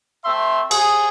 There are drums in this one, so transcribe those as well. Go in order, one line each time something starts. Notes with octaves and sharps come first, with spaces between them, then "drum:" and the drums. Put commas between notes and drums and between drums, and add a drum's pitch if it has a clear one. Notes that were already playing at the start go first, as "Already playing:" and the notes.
A3 C4 E5 C6
G#4, drum: cymbal